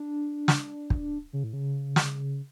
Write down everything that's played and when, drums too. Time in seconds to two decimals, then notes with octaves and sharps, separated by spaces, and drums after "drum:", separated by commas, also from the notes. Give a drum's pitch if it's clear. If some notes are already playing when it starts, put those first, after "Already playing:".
Already playing: D4
0.48 drum: snare
0.90 drum: kick
1.33 C#3
1.44 A2
1.53 C#3
1.96 drum: snare